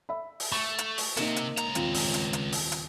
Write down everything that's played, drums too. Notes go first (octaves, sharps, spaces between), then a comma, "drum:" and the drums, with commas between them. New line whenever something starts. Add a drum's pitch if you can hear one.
E5 B5
drum: open hi-hat
A3 C#6
drum: hi-hat
drum: open hi-hat
C3 A#3 D#4, drum: hi-hat
drum: hi-hat
C#2 A#5, drum: hi-hat
D#1 C4 F4, drum: hi-hat
drum: open hi-hat
drum: hi-hat
drum: hi-hat
drum: open hi-hat
drum: hi-hat